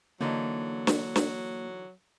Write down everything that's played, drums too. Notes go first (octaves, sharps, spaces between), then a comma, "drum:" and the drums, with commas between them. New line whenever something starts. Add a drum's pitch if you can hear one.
D3 E3 F#3 A#3 D#4
drum: snare
drum: snare